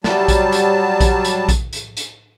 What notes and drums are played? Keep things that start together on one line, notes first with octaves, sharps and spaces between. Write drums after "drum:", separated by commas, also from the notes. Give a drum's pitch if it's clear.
F#3 G3 A5, drum: snare
drum: kick A#1, hi-hat
drum: hi-hat
drum: kick A#1, hi-hat
drum: hi-hat
drum: kick A#1, hi-hat
drum: hi-hat
drum: hi-hat